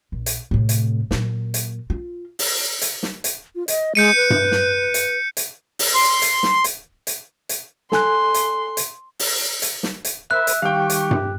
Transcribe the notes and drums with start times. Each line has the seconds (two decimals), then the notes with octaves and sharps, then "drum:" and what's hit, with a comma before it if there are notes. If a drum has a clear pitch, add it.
0.12 A#1
0.26 drum: hi-hat
0.51 A2 C3
0.69 drum: hi-hat
1.11 A#2 F#3, drum: snare
1.54 drum: hi-hat
1.90 F4
2.39 drum: open hi-hat
2.81 drum: hi-hat
3.03 drum: snare
3.24 drum: hi-hat
3.55 F4
3.68 D#5, drum: hi-hat
3.95 G#3 G6 C#7 D#7
4.15 B4
4.30 drum: tom G2
4.52 drum: snare
4.94 drum: hi-hat
5.37 drum: hi-hat
5.79 drum: open hi-hat
5.95 C6
6.22 drum: hi-hat
6.43 drum: snare
6.64 drum: hi-hat
7.07 drum: hi-hat
7.49 drum: hi-hat
7.92 A4 G#5 C6 F#6, drum: snare
8.34 drum: hi-hat
8.77 drum: hi-hat
9.19 drum: open hi-hat
9.62 drum: hi-hat
9.83 drum: snare
10.05 drum: hi-hat
10.31 A#4 C5 E5 B5 F#6
10.47 drum: hi-hat
10.62 D#3 G3 G4 F5 G5 C#6
10.90 drum: hi-hat
11.11 drum: tom G2